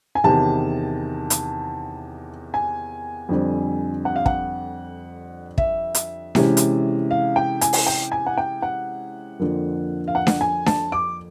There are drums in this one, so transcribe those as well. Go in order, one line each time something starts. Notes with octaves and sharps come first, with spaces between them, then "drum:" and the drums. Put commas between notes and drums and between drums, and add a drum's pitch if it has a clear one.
G#5
E2 C3 D#3 A5
drum: hi-hat
G#5
F2 D3 G3 C4
F#5
F5
F#5, drum: kick
E5, drum: kick
drum: hi-hat
C3 E3 G#3 C#4, drum: snare D4
drum: hi-hat
F5
G5
G#5, drum: hi-hat
drum: open hi-hat
G5
G#5
F#5
G5
F#5
F2 D3 F3 A#3
F5
F#5
drum: snare D4
G#5
A5, drum: snare D4
D6